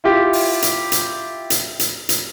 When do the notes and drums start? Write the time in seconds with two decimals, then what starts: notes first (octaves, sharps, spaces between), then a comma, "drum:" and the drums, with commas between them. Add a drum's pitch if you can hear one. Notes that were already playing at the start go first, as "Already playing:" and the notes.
0.04 E4 F4 G4
0.33 drum: open hi-hat
0.62 drum: hi-hat
0.92 drum: hi-hat
1.50 drum: hi-hat
1.79 drum: hi-hat
2.09 drum: hi-hat